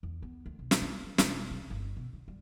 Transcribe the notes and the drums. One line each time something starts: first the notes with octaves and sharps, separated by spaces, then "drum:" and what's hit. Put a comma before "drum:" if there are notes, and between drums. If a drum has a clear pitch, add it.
E2
B3
D2
B1
drum: snare
A#3
D#3
E1, drum: snare
C3
G1
B2
D3
G3